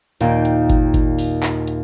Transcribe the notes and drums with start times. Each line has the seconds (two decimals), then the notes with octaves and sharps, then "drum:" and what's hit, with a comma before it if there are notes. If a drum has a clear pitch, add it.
0.21 D#2 A#2 A#3 G5, drum: hi-hat
0.45 drum: hi-hat
0.70 drum: kick G1, hi-hat
0.94 drum: kick G1, hi-hat
1.18 drum: open hi-hat
1.43 drum: clap
1.67 drum: hi-hat